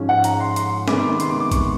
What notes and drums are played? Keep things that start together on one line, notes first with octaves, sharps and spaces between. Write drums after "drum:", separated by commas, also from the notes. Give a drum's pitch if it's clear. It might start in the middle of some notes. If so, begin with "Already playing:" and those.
Already playing: G#2 F3 G#3 C#4
F#5
A#5, drum: hi-hat
C6
C6, drum: hi-hat
C3 D#3 G#3 B3 D6, drum: snare C#4
C6, drum: hi-hat
D6
D6
C#6, drum: kick A#1, hi-hat